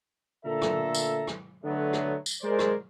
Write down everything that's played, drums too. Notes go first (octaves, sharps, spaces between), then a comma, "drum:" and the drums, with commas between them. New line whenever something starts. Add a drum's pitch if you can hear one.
A#2 D3 A3 A4 E5 A#5
drum: rim click
drum: tambourine
drum: rim click
D3 F#3 A3 B3
drum: rim click
drum: tambourine
G#3 A#4 C5 D5
drum: rim click